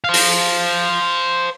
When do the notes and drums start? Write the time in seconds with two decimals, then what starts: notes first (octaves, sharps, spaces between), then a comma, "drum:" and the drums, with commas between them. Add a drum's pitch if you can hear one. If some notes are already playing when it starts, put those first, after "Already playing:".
0.04 C5 F5
0.14 drum: open hi-hat